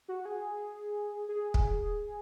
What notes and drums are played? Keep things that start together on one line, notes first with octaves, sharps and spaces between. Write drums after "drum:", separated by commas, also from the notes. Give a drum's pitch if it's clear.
F#4
G#4
G#4
drum: kick